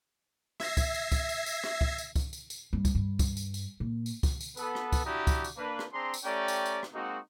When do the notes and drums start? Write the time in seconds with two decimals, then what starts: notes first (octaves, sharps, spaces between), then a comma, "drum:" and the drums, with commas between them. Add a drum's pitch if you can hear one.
0.60 E5 G#6 A#6 C7, drum: rim click
0.77 drum: kick, tambourine
0.94 drum: tambourine
1.12 drum: kick, tambourine
1.29 drum: tambourine
1.46 drum: tambourine
1.64 drum: rim click
1.81 drum: kick
1.98 drum: tambourine
2.16 drum: kick, tambourine
2.33 drum: tambourine
2.50 drum: tambourine
2.73 G2
2.85 drum: kick, tambourine
2.95 G2
3.19 drum: kick, tambourine
3.37 drum: tambourine
3.54 drum: tambourine
3.80 A#2
4.06 drum: tambourine
4.23 drum: kick, tambourine
4.41 drum: tambourine
4.57 B3 A4 B4, drum: tambourine
4.75 drum: rim click
4.92 drum: kick, tambourine
5.05 D4 E4 F#4 G4 A#5 D#6
5.27 drum: kick, tambourine
5.44 drum: tambourine
5.57 A#3 D4 B4
5.79 drum: rim click
5.93 C4 D4 G#4 A#5 C6
6.14 drum: tambourine
6.25 A3 C#4 G4 D5 G5 A#5
6.48 drum: tambourine
6.66 drum: tambourine
6.83 drum: rim click
6.94 G#3 A#3 C4 D#4 F#4